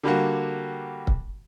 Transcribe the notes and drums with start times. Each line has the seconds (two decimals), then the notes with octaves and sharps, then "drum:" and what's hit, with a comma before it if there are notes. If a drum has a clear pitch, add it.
0.03 D3 G3 A#3 F#4
1.07 drum: kick C#1